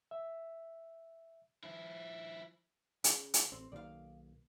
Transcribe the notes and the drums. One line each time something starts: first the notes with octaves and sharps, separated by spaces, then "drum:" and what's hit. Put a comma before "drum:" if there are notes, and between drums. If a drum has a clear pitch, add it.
E5
F3 E4
C#3, drum: hi-hat
drum: hi-hat
A1 C4
B1 D#3 A#3 D5 F5